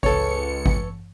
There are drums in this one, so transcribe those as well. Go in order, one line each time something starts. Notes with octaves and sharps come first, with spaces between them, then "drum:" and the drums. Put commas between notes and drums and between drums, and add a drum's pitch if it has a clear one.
C#2 A4 B4 C#5 C#7, drum: kick G#1
drum: kick G#1